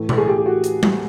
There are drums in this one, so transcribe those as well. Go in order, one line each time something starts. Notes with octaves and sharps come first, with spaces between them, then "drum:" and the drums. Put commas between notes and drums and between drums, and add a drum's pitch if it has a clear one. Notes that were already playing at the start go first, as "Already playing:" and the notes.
Already playing: A2 E3 A3
A4, drum: tom B2
G#4
G4
G4
F#4
drum: hi-hat
drum: tom G3